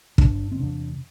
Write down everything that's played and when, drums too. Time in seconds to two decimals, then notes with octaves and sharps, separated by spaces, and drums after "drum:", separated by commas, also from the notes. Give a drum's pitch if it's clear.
0.18 G2 D3 D4, drum: kick
0.52 C4
0.59 E2 C3 D4